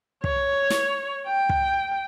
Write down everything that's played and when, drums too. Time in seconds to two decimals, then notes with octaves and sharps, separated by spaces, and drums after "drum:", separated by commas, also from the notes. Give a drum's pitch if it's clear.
0.24 C#5, drum: kick
0.70 drum: snare
1.27 G5
1.49 drum: kick